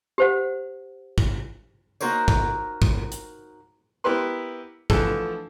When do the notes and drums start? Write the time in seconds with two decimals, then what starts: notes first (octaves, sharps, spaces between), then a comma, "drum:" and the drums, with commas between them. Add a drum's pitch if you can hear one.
0.18 G4 C5 F#5
1.18 drum: kick
2.01 A#3 D#4 F#4 A#4 C5 C#5, drum: tambourine
2.28 drum: kick
2.82 drum: kick
3.12 drum: hi-hat
4.04 B3 E4 G4 A#4 B4 C6
4.90 D3 E3 F3 A3 A4, drum: kick